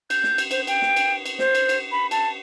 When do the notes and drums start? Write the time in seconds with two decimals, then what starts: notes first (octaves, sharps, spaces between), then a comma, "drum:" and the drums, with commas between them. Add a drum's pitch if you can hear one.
0.10 G6, drum: cymbal
0.24 drum: snare
0.38 drum: cymbal
0.51 C5, drum: cymbal
0.67 G5, drum: cymbal
0.82 drum: snare
0.96 drum: cymbal
1.26 drum: cymbal
1.39 C5, drum: snare
1.55 drum: cymbal
1.69 drum: cymbal
1.92 B5
2.11 A5, drum: cymbal